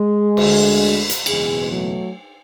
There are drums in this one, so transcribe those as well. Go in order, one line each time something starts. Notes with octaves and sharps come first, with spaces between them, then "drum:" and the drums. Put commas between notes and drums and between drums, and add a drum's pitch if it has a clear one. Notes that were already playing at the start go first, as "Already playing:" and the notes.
Already playing: G#3
D2 D3, drum: cymbal
drum: hi-hat
F#1 E2 B2 G#3, drum: cymbal
F#3 A3